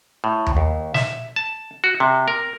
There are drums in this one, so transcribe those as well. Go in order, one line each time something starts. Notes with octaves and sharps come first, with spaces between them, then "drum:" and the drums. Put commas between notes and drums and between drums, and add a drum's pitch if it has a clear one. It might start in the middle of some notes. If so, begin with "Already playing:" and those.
A2
drum: tom D#2
D#2
E5, drum: snare
A5
F#4
C3
A#4